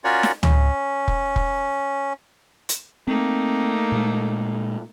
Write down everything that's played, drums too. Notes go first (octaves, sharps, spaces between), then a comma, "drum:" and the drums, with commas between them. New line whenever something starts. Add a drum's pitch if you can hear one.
C#4 F4 F#4 A#4 C#5 D5
drum: snare
C#4, drum: tom C#2
drum: kick
drum: kick
drum: hi-hat
A3 A#3 C4 D#4
A#2 G#3